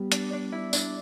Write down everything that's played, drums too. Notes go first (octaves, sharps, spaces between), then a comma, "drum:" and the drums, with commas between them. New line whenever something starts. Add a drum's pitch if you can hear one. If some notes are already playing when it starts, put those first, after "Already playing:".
Already playing: G3 B3
D4, drum: hi-hat
D4
E4
D4, drum: tambourine